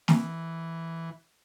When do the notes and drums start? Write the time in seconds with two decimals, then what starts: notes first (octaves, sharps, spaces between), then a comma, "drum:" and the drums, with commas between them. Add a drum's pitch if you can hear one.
0.08 E3, drum: snare